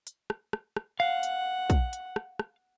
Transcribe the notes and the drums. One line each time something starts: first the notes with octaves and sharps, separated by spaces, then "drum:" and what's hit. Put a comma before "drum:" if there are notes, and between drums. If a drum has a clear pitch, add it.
drum: hi-hat
drum: rim click
drum: rim click
drum: rim click
F5 F#5
drum: hi-hat
drum: kick, hi-hat
drum: hi-hat
drum: rim click
drum: rim click